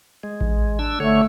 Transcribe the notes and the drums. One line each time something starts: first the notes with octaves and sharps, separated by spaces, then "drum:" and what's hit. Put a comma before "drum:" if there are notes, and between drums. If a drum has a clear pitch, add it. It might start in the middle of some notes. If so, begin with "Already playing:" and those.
G#3
drum: kick A1
D4 E6
D3 A3 C#5